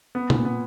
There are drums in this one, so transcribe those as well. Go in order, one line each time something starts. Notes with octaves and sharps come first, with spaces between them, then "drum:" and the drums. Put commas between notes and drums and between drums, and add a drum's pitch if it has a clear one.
B3
A#2, drum: tom B2
B3